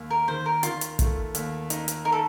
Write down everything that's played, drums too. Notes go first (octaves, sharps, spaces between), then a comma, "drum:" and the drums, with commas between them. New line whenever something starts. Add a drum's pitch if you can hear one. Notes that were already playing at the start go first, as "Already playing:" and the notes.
Already playing: D#2
A#4
D#3 C5
A#4
D#3 F4, drum: hi-hat
drum: hi-hat
A3, drum: kick, hi-hat
D#2, drum: hi-hat
D#4, drum: hi-hat
drum: hi-hat
D#4 A#4
A4